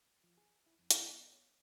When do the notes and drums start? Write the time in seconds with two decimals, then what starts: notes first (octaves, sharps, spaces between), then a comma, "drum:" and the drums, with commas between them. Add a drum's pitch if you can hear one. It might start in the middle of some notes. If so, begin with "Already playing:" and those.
0.24 F3
0.38 G#4
0.66 E4
0.79 F2
0.91 drum: hi-hat
1.11 B3
1.33 C#5